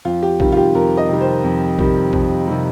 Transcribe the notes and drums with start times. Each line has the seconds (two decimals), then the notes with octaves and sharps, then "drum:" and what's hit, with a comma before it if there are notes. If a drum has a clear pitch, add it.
0.05 F2 F4
0.22 G4
0.40 C3 D#3 G3 F4, drum: kick A#1
0.52 F4
0.57 G4
0.75 F2 A#4
0.97 D#5
1.09 C3 D#3 G3
1.21 C5
1.44 F2
1.79 C3 D#3 G3, drum: kick A#1
2.13 F2, drum: kick A#1
2.47 C3 D#3 G3